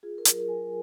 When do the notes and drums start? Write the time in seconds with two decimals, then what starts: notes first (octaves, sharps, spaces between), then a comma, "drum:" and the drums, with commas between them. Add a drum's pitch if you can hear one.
0.03 F4 G#4
0.18 A#4
0.25 F#3, drum: hi-hat
0.34 A#4
0.47 F#3 G#5